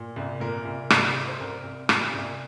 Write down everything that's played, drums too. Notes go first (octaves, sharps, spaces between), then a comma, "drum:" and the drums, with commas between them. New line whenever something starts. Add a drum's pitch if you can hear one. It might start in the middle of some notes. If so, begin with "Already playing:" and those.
Already playing: A#2
C2
A#2 A#4
C2
C2, drum: rim click
C2
C5
C2 A#4
C2
A#2, drum: rim click
C2